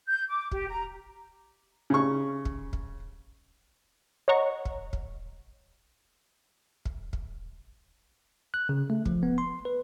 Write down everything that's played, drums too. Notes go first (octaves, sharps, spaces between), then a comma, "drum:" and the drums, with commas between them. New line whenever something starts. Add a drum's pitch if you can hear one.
G6
D6
G4, drum: kick
A#5
C#3 C#6
drum: kick
drum: kick
C#5 D#5 F#5 A#5 C#6
drum: kick
drum: kick
drum: kick
drum: kick
F#6
C#3
A3
F3, drum: kick
B3
C6
B4